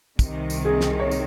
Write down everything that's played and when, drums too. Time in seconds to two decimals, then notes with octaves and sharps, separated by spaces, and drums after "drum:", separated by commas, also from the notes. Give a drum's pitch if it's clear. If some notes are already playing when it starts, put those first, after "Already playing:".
0.19 C2 C3 D#3, drum: kick, tambourine
0.50 drum: tambourine
0.65 G#4
0.81 drum: snare
1.00 C#5
1.11 drum: tambourine